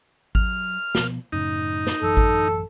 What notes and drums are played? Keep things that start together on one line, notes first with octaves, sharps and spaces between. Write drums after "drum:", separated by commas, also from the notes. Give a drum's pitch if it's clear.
F#3 F6, drum: kick G#1
B2 F3 B3, drum: snare
F#2 A2 C#3 D#4
drum: snare
A1 F#2 E3 A4
drum: kick G#1